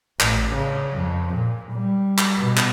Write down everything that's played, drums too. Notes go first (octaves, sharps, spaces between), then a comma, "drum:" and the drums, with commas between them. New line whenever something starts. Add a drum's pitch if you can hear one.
A1, drum: clap
C#3
F2
A#2
G3
drum: clap
B2
drum: clap